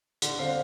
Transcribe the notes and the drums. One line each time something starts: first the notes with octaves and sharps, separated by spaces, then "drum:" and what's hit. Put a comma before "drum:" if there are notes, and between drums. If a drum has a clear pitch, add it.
D3, drum: hi-hat
C4 F5